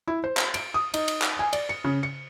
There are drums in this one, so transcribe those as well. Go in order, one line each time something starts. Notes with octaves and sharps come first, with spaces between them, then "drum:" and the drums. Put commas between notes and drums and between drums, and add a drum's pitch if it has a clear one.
E4
C5
drum: clap
D7, drum: cymbal
D#6
D#4, drum: cymbal
drum: cymbal
drum: clap
G#5
D5, drum: cymbal
C#7
C#3
C#7